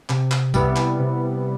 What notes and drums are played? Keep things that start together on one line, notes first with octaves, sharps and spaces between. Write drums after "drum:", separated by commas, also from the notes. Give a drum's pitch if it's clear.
C3, drum: clap
drum: clap
G3 B3 E4, drum: kick, tambourine
drum: clap
C3